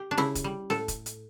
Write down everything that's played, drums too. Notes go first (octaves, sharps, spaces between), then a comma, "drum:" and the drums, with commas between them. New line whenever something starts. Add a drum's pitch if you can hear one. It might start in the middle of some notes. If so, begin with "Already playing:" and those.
Already playing: G4
D4
C#3 E4, drum: snare C#4
drum: kick, hi-hat
G3
A2 A4, drum: snare C#4
drum: kick, hi-hat
drum: hi-hat